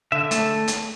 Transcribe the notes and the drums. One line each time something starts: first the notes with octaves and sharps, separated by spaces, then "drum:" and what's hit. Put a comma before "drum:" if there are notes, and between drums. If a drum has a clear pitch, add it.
D3 E5
A3, drum: hi-hat
drum: hi-hat